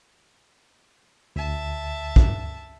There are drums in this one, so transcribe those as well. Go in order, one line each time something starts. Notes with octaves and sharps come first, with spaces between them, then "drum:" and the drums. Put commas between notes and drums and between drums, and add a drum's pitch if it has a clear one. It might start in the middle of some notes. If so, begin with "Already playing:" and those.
D2 E5 A5
drum: kick